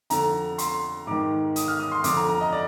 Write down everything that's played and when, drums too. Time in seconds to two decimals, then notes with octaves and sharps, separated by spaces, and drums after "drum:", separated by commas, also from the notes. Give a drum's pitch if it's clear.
0.10 F2 D3 A#5, drum: hi-hat
0.58 C6, drum: hi-hat
1.07 G#2 D#3 D6
1.56 D#6, drum: hi-hat
1.68 F6
1.80 D#6
1.92 C6
2.04 F2 D3 D6, drum: hi-hat
2.17 A#5
2.29 A#5
2.41 D#5
2.52 D5